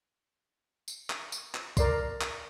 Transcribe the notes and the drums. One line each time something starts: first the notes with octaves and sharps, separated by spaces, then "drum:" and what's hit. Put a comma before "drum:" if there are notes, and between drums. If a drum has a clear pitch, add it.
drum: tambourine
drum: clap
drum: tambourine
drum: clap
A#4 D5 C6, drum: kick B1, tambourine
drum: clap